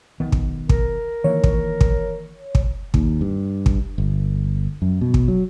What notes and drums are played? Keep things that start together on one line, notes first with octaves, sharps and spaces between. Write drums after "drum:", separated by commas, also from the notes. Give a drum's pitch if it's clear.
B1 D#3 B3
drum: kick
A#4, drum: kick
D#3 E3 A#3 C#5
drum: kick
drum: kick
drum: kick
D#2, drum: kick
G2
drum: kick
G1
F#2
B2
drum: kick
F#3